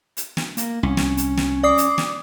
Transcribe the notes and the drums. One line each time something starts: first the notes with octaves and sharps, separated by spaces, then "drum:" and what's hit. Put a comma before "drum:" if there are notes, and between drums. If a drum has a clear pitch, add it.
drum: hi-hat
drum: snare
A#3, drum: hi-hat
C2 C#4
drum: snare
drum: hi-hat
drum: snare
D5 D6 D#6 C7
drum: hi-hat
drum: snare